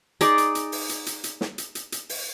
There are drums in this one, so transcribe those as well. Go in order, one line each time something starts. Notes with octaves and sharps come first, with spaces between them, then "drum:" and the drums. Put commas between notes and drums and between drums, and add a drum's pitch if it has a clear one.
D#4 G#4 D5, drum: hi-hat
drum: hi-hat
drum: hi-hat
drum: open hi-hat
drum: hi-hat
drum: hi-hat
drum: hi-hat
drum: snare
drum: hi-hat
drum: hi-hat
drum: hi-hat
drum: open hi-hat